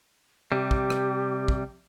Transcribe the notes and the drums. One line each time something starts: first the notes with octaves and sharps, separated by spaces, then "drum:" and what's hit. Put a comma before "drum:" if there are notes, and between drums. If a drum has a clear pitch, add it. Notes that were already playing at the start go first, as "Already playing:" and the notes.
C3 G3 G4
drum: kick
drum: rim click
drum: kick